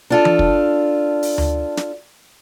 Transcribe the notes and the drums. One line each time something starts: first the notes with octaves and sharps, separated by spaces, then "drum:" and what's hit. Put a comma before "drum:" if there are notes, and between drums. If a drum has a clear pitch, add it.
D4 F4 A4
drum: tom E3
drum: kick
drum: open hi-hat
drum: tom D2
drum: snare